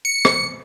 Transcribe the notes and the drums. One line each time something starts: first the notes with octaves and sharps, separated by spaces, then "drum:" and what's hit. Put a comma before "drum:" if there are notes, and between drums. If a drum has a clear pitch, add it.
C#7
drum: rim click